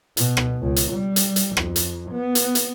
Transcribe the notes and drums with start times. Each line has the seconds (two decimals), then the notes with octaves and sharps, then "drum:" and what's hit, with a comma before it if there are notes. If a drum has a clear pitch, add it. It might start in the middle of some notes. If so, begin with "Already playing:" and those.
0.17 B2, drum: hi-hat
0.37 drum: rim click
0.62 C#2
0.76 drum: hi-hat
0.93 G3
1.16 drum: hi-hat
1.36 drum: hi-hat
1.57 F2, drum: rim click
1.76 drum: hi-hat
2.12 B3
2.35 drum: hi-hat
2.55 drum: hi-hat